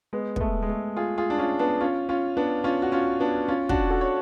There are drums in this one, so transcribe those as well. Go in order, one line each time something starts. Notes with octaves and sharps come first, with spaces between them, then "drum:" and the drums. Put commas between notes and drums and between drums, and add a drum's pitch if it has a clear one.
G#3 B3
B3, drum: kick
A3
G#3
A3
F4 G#4
F4 G#4
D4
C#4 F4
B3 D4
C#4 F4
C#4 F4
B3 D4
C#4 F4
F#4
C#4 F4
B3 D4
C#4 F4
D4 F#4, drum: kick
F#4 A4
C#5